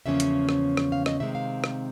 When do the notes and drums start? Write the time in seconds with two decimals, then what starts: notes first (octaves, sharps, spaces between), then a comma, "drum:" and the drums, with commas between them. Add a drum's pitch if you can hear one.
0.06 E2 C#3 F3 A#3 C#4 E5
0.20 drum: hi-hat
0.49 drum: rim click
0.77 drum: rim click
0.92 F5
1.06 D#5, drum: rim click
1.20 C3 D#3 G#3 C4 E5
1.35 F5
1.64 drum: rim click